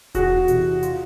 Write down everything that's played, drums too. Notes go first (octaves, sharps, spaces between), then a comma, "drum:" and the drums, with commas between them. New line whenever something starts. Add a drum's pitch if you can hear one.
E2 F#4 G#4, drum: kick D#1, hi-hat
C3 E3, drum: hi-hat
F4, drum: hi-hat